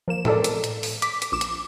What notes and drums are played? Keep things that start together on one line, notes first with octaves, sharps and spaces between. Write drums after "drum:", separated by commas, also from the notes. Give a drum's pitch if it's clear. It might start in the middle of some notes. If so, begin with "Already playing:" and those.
F3 A#3 E7
E3 G#3 C4 A4 A#4 D5, drum: tom A2
drum: hi-hat
drum: hi-hat
drum: open hi-hat
D6 B6, drum: hi-hat
drum: hi-hat
A#1 D6 E7
drum: hi-hat